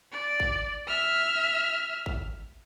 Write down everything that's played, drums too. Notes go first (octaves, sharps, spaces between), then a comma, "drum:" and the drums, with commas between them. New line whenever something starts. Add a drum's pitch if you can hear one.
D5
drum: kick
E5 F6
drum: kick